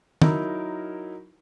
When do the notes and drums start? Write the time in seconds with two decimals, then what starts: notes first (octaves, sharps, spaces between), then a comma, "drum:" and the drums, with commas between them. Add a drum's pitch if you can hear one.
0.22 F#3 D#4 E4 A#4, drum: tom